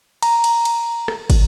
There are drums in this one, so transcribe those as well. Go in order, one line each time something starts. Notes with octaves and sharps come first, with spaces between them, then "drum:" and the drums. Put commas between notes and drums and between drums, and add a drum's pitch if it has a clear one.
A#5, drum: cymbal
drum: cymbal
drum: cymbal
drum: rim click
drum: kick, cymbal